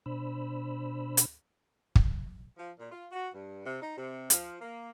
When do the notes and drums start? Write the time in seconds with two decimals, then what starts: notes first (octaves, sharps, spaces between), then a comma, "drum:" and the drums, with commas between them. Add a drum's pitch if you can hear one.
0.06 B2 D4 C5 B5 E6
1.17 drum: hi-hat
1.95 drum: kick
2.57 F3
2.78 A#2
2.92 F4
3.12 F#4
3.33 G2
3.65 C3
3.82 D#4
3.96 C3
4.30 F3, drum: hi-hat
4.61 A#3